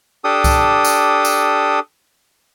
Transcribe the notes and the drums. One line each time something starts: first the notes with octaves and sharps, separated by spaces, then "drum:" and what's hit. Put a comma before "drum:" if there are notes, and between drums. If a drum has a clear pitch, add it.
D4 G4 A4 D#6
drum: kick C2, tambourine
drum: tambourine
drum: tambourine